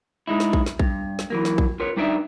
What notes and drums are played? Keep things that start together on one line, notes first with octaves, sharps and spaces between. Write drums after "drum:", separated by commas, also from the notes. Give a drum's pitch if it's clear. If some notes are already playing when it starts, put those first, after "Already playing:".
G#3 D#4 E4
drum: snare
drum: kick A#1
drum: snare
G2, drum: kick A#1
drum: snare
E3 F#3 A#3
drum: snare
drum: kick A#1
F4 A#4 B4 C#5
G3 D4 D#4 B4 D5 E5